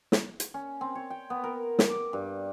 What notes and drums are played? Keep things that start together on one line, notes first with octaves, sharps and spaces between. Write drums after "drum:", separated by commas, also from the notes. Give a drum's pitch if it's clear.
drum: snare
drum: hi-hat
C#4
C4
C#5
G5
B3
A#4
drum: snare
D6
G2